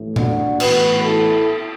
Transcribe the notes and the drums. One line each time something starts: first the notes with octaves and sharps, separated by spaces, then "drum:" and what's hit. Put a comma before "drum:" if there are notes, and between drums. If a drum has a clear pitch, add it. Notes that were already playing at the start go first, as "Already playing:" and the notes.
Already playing: A1 A2 A3
D4 F#4, drum: tom A#2
A1 A2 E3 B3 F#4 B4, drum: cymbal
E4 A4